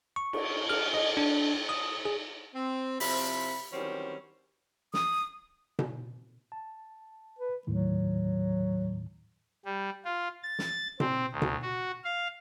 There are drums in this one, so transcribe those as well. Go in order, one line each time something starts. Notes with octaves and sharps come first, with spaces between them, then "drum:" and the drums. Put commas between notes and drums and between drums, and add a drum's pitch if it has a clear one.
C#6
drum: cymbal
F6, drum: cymbal
D#5
D4
D#6
G#4
C4
C3 F3 E4 B5, drum: open hi-hat
D#3 E3 F#3 G3 C4 C#4
D#6, drum: snare
drum: tom B2
A5
B4
D#2 A2 D#3 F#3
G3
F4
A6
drum: snare
C4, drum: tom B2
D2
drum: tom B2
F#4
F5